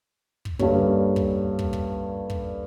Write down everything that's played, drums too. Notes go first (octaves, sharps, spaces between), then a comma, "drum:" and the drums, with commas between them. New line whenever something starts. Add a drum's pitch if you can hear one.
drum: kick
G2 D3 G3 A#3 C#4, drum: kick
drum: kick
drum: kick
drum: kick
drum: kick